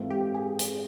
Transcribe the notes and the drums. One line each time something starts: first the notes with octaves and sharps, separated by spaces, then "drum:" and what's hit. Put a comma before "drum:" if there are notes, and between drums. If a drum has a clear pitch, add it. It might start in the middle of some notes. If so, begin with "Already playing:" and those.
Already playing: G#2 E3 A3 C4 F4
G4
G#4
drum: hi-hat